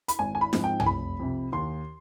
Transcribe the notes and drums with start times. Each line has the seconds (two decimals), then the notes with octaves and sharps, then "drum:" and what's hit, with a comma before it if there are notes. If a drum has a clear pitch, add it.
0.08 B5, drum: hi-hat
0.19 G#1 G#5
0.35 G#5
0.41 B5
0.53 G#2 F3 C4, drum: snare D#4
0.64 G5
0.80 G#5, drum: tom
0.86 F1 B5
1.19 F2 C3
1.52 D#2 C6